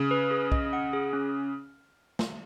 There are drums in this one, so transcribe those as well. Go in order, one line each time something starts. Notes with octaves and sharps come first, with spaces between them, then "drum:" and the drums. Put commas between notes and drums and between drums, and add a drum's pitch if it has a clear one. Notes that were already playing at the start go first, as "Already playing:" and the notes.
Already playing: C#3
B4
G#4
D#5, drum: kick B1
F#5
G#4
C#4
drum: snare